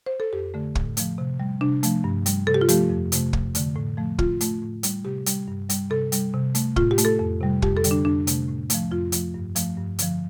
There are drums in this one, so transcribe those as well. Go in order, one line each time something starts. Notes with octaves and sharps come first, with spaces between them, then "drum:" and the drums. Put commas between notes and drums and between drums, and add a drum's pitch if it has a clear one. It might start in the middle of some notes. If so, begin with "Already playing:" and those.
C5
A4
F2 G4
D3 A3
A2, drum: kick
F3 A3, drum: hi-hat
C3
G3
C3 D4
F3 A3, drum: hi-hat
G2
G3, drum: hi-hat
C3 A4
G4
F4
F3 A3 G4, drum: hi-hat
F2
C3 A3, drum: hi-hat
F2, drum: kick
D3 A3, drum: hi-hat
A2
F3 A3
A2 F4, drum: kick
A3, drum: hi-hat
A2
G3, drum: hi-hat
C3 G4
G3, drum: hi-hat
G2
G3, drum: hi-hat
C3 A4
G3, drum: hi-hat
C3
A3, drum: hi-hat
A2 F4, drum: kick
G4
A3, drum: hi-hat
A4
F2
C3 G3
F2 G4, drum: kick
A4
D3 G3, drum: hi-hat
D4
F2 D4
C3 A3, drum: hi-hat
A2
F3 A3, drum: hi-hat
F2 F4
F3 A3, drum: hi-hat
G2
F3 A3, drum: hi-hat
G2
D3 F3, drum: hi-hat